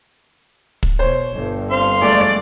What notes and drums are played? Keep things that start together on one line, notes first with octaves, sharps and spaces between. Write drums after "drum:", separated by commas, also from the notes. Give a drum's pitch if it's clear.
drum: kick
B2 C5 C#5
G1 G2
C4 F5 C6
G#3 A3 D5